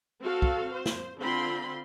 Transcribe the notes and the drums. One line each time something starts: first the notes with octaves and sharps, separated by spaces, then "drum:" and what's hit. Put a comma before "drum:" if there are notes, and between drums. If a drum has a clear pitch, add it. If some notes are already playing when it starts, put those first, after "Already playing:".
C4 F#4 A4 F5
drum: kick
C5
drum: snare
D3 C4 F4 B5 C6